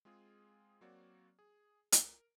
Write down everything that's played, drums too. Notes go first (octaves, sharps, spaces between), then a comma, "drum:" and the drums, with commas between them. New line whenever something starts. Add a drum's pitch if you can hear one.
G#3 C4 F4 G#4
F#3 A#3 C4 F#4 C#5 D5
G#4
A#4, drum: hi-hat